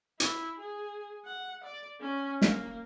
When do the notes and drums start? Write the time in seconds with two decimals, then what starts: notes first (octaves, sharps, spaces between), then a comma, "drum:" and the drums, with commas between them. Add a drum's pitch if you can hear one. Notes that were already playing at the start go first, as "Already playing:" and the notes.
0.20 E4, drum: hi-hat
0.59 G#4
1.25 F#5
1.64 D5
2.00 C#4
2.42 A#3, drum: snare